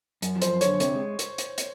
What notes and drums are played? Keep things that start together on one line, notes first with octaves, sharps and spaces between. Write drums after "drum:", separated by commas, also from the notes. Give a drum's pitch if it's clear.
F#2, drum: hi-hat
F3
C5, drum: hi-hat
F#2
D3 C#5, drum: hi-hat
C3 C#5, drum: hi-hat
G#3
drum: hi-hat
drum: hi-hat
drum: hi-hat